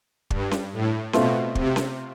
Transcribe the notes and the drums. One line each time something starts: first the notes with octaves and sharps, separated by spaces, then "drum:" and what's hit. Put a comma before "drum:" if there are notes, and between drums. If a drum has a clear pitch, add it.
G2, drum: kick
drum: snare C#4
A2
B2 A3 C4 F4, drum: snare C#4
C3, drum: kick
drum: snare C#4